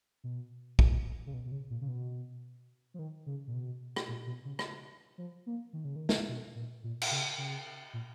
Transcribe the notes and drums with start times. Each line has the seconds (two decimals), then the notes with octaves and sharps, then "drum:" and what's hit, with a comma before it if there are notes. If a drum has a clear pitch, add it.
0.24 B2
0.79 A#2, drum: kick
1.26 C#3
1.34 B2
1.45 B2
1.52 C#3
1.70 A#2
1.81 C#3
1.88 B2
2.94 F3
2.99 D#3
3.26 C#3
3.47 A#2
3.53 B2
3.96 drum: rim click
4.08 A#2
4.26 B2
4.45 C#3
4.59 drum: rim click
5.18 F3
5.46 A#3
5.73 D#3
5.85 C#3
5.96 D#3
6.09 drum: snare
6.28 B2
6.55 A#2
6.84 A#2
7.01 drum: cymbal
7.11 C#3
7.38 C#3
7.93 A#2